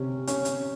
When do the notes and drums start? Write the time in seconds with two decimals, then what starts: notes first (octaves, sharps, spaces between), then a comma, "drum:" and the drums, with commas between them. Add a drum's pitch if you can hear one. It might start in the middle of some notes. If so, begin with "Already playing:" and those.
Already playing: C3 C#4
0.27 C#4, drum: hi-hat
0.45 drum: hi-hat